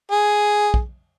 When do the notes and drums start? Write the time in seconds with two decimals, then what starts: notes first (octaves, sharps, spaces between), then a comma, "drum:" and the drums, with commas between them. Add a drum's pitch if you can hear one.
0.11 G#4
0.74 drum: kick